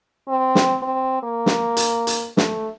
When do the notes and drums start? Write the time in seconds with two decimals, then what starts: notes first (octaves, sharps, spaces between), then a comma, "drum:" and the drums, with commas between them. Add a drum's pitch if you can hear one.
0.28 C4
0.55 drum: snare
0.82 C4
1.23 A#3
1.46 drum: snare
1.77 drum: hi-hat
2.07 drum: hi-hat
2.37 A3, drum: snare